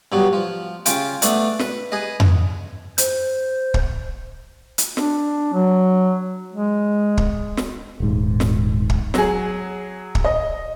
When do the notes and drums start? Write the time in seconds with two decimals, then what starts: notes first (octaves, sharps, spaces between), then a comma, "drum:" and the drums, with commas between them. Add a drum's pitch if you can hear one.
0.12 G2 F#3 B3
0.33 F3
0.86 C#3 F4 G5, drum: hi-hat
1.22 A3 B3 D4, drum: hi-hat
1.59 B4, drum: snare
1.92 G#4 B4 D#5
2.20 drum: tom F2
2.98 C5, drum: hi-hat
3.74 drum: kick
4.78 drum: hi-hat
4.97 D4, drum: snare
5.54 F#3
6.53 G#3
7.18 drum: kick
7.57 drum: snare
8.00 D#1 G#2
8.40 drum: snare
8.90 drum: kick
9.14 F#3 G#4, drum: snare
10.15 drum: kick
10.24 D#5